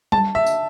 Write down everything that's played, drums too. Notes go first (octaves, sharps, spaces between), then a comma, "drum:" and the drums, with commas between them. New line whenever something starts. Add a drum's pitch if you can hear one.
A5, drum: tom G3
E5
drum: tambourine